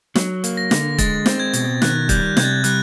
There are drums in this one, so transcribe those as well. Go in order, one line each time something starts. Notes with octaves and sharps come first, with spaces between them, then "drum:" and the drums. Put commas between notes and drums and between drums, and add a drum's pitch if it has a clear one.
F#3, drum: snare
A#3, drum: hi-hat
A#6
D3, drum: snare
G#3 A6, drum: kick, hi-hat
C4, drum: snare
G#6
B2, drum: hi-hat
D#3 F#6, drum: snare
G3 G6, drum: kick, hi-hat
C3 G#6, drum: snare
A6
G#6
G3 F#6, drum: hi-hat